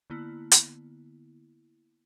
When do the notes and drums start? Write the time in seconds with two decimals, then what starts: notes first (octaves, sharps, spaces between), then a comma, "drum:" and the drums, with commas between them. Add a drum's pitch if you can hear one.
0.10 D3 A#3 B3 E4
0.51 drum: hi-hat